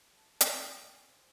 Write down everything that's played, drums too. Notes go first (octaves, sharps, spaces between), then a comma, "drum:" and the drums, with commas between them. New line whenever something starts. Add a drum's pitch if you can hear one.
A5
D#5, drum: hi-hat
D#4
F#5
G#5
C5